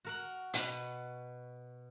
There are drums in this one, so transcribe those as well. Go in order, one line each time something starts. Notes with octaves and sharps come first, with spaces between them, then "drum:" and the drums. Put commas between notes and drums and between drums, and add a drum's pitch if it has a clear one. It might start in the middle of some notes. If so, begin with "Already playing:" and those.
F#4 A#4 F#5
B2 B4 F#5, drum: hi-hat